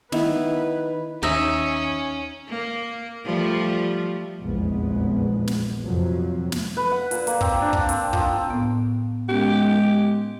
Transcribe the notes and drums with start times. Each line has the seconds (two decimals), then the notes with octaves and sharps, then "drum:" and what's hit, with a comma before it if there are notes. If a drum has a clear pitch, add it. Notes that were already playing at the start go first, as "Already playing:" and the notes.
0.12 D#3 B3 E4 B4, drum: snare
1.23 D#2 C#4 D#4 E5
2.49 A#3
3.25 F3 G3 A3
4.41 F1 A#1 E2 G#3 B3
5.48 drum: snare
5.84 F2 C3 F3 F#3
6.52 drum: snare
6.77 B4
6.92 F#5
7.11 A#2, drum: hi-hat
7.27 A#3, drum: hi-hat
7.41 C4, drum: kick
7.62 D4
7.73 drum: kick
7.89 C4, drum: hi-hat
8.13 F3, drum: kick
8.50 A2 B3
9.29 G#3 B3 C#4 G4